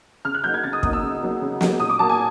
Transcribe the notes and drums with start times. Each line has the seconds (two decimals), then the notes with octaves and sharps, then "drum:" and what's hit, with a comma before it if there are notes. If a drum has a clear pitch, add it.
0.25 C#3 F6
0.34 F#6
0.44 F#3 A#3 D#4 G6
0.54 G#6
0.64 C#3 A6
0.73 D#6
0.83 F#3 A#3 D#4, drum: kick
0.93 E6
1.03 C#3
1.22 F#3 A#3 D#4
1.42 C#3
1.61 F#3 A#3 D#4, drum: snare
1.80 A#2 D#6
1.89 D6
1.99 F#3 A#3 A5
2.09 G#5